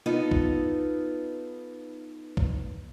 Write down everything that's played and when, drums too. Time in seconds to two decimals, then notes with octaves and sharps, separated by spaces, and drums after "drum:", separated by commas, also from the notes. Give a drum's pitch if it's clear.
0.06 B3 D#4 F4 A4
0.31 drum: kick
2.37 drum: kick